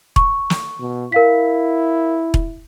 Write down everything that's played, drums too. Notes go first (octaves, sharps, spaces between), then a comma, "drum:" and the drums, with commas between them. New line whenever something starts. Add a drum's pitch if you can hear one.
C#6, drum: kick E1
drum: snare
B2
E4 A#4 F5 B6
drum: kick E1